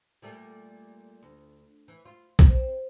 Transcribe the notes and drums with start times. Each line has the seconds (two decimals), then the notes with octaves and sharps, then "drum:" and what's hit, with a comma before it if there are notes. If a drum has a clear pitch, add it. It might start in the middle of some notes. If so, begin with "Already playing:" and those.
0.22 A#2 G3 A3
1.23 D2
1.88 E3
2.05 F4
2.39 C4, drum: kick